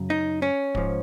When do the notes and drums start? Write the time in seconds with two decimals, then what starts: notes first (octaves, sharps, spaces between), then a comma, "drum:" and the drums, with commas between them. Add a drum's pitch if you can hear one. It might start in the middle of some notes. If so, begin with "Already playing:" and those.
Already playing: F#2 C#3 F#3
0.10 D#4
0.42 C#4
0.75 G#2 F3, drum: kick